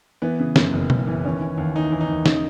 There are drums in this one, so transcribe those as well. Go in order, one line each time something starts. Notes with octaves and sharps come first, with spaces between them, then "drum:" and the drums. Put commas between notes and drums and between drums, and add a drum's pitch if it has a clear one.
E3 B3
C#3
F#2, drum: snare
F#1
F#2, drum: tom B2
E3
D#2 C#4
E3
D#2
E3 D#4
E3
D#4
D#2
C#3 D#4, drum: snare